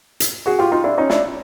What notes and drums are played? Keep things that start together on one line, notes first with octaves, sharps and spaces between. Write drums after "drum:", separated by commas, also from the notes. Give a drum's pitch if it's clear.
drum: hi-hat
F#4 G#4
F4 G4
D#4 F4
D4 E4
C#4 D#4
D4 E4, drum: snare